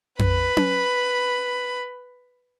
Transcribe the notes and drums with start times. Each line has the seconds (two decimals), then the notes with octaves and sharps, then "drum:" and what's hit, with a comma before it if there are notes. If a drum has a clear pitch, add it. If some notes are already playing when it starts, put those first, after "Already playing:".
0.19 B4 B5, drum: tom F2
0.57 drum: tom C#4